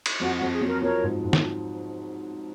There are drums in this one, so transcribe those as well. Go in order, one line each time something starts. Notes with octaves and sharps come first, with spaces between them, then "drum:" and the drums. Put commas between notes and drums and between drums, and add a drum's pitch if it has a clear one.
drum: cymbal
F2 F#4
F2 F#4
G#4
F#3
A#4
F3 A#4 C#5
G#2
G#2
drum: snare